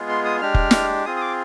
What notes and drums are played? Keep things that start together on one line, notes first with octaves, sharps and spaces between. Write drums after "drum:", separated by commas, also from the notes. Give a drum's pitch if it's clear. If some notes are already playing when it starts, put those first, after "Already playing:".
Already playing: G#3 B3 F4 G#4
C6
D#6
G#3 D4 G4 F6
drum: kick F1
drum: snare
C4 F4 G#4 D#6
D#6
D6